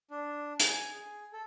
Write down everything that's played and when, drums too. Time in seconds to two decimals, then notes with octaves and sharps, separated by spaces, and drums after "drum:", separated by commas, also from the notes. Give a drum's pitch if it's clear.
0.11 D4
0.60 G#5, drum: hi-hat
0.93 G#4
1.33 A4